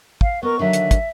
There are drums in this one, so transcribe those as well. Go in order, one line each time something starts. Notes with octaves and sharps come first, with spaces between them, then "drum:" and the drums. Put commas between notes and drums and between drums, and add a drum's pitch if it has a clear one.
F5, drum: kick
B3 A#4 D#5 C#6
D3 D#3 F#3 E5
drum: hi-hat
drum: kick, hi-hat